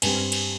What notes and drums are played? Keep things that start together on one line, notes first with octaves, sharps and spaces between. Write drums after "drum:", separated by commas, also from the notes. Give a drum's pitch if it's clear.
G2 G3 C4 G#5, drum: cymbal
drum: cymbal